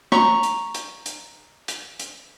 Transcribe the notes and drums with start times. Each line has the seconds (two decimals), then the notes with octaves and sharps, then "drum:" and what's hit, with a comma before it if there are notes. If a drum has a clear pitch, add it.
0.12 A#5 C#6, drum: rim click
0.43 drum: hi-hat
0.74 drum: hi-hat
1.06 drum: hi-hat
1.68 drum: hi-hat
2.00 drum: hi-hat